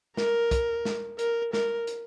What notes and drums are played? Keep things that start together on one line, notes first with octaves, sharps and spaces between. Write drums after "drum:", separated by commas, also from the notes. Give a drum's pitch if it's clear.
A#4, drum: snare
drum: kick, hi-hat
drum: snare
A#4, drum: hi-hat
A#4, drum: snare
drum: hi-hat